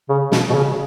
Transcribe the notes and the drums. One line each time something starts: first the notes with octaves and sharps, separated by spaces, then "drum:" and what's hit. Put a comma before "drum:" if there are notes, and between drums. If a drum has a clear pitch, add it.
C#3
B2, drum: snare
B2
C#3